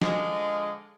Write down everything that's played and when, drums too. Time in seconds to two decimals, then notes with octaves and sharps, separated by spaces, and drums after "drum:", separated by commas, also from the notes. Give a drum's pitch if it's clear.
0.02 D3 F3 G#3, drum: snare